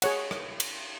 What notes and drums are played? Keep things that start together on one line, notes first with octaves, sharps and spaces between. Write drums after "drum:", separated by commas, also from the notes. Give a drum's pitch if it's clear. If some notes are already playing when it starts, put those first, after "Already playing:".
G#4 C#5 F#5, drum: cymbal
drum: rim click
drum: cymbal